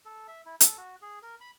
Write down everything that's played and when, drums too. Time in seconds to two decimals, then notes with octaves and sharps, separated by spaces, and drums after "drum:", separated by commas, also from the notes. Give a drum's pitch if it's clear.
0.05 A4
0.28 E5
0.46 E4
0.60 A4, drum: hi-hat
0.78 F#4
1.02 G#4
1.23 A#4
1.40 B5